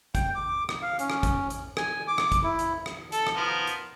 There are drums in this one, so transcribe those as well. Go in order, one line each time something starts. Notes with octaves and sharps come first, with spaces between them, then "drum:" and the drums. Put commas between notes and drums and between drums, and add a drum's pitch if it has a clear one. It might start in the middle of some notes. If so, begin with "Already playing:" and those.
G5, drum: kick, hi-hat
D6
drum: rim click
F5
C#4, drum: hi-hat
drum: rim click
drum: kick, hi-hat
drum: hi-hat
G#5, drum: rim click
D6
drum: rim click
drum: kick, hi-hat
E4
drum: hi-hat
drum: rim click
A4, drum: hi-hat
drum: rim click
F3 B3 A#4
drum: hi-hat